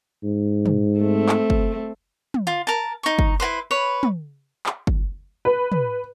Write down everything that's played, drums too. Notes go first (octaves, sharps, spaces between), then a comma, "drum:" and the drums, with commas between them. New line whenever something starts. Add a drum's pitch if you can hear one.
G#2
drum: tom
A3 C4
drum: clap
drum: kick G1
drum: tom
F4
A#4 A5
D#4 C#6
drum: kick G1
E4 F#4 B4 C5
B4 C#5 B5
drum: tom
drum: clap
drum: kick G1
B4
drum: tom